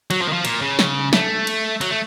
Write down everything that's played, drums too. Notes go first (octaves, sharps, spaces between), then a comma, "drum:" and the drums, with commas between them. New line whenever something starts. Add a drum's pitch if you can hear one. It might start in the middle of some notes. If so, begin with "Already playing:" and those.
F#3, drum: cymbal
F3
D#3
F3
A#2, drum: cymbal
C#3
drum: snare
A3, drum: snare
drum: cymbal
F#3, drum: cymbal
A3